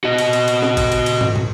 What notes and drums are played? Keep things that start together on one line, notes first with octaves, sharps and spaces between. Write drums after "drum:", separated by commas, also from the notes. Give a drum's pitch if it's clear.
F#4 D#5
drum: cymbal
drum: cymbal
drum: cymbal
drum: snare
drum: kick, cymbal
drum: cymbal
drum: cymbal
drum: tom
drum: tom